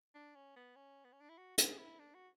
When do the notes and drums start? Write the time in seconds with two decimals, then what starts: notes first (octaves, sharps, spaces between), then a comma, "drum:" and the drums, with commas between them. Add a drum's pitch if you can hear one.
0.15 D4
0.35 C#4
0.56 B3
0.76 C#4
1.04 B3
1.13 C#4
1.21 D4
1.29 E4
1.38 F#4
1.58 G#4, drum: hi-hat
1.79 E4
1.99 D4
2.15 F#4